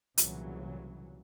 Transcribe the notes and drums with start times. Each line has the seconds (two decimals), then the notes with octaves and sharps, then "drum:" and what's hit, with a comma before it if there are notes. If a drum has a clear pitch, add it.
0.18 C2 A#2 C#3 E3 F#3, drum: hi-hat